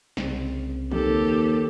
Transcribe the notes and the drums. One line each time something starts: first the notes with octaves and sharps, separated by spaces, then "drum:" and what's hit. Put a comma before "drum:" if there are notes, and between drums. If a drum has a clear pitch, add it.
C2 C#3 C4, drum: snare
D#2 G4 A4, drum: tom D#3